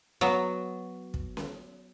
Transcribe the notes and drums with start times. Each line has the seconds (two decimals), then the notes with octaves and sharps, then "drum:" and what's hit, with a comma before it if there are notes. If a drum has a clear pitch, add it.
0.21 F#3 B3
1.14 drum: kick
1.37 drum: snare C#4